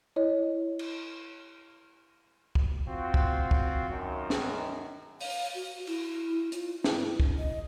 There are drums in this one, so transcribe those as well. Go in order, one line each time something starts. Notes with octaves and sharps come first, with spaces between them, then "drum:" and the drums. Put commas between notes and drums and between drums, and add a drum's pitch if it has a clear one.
E4 C#5 D#5
drum: cymbal
drum: kick
C4 F4 F#4
drum: kick
drum: kick
F#2 D#3
drum: snare
F5, drum: open hi-hat
F#4
E4, drum: cymbal
F4, drum: hi-hat
E4, drum: snare
drum: kick
D#5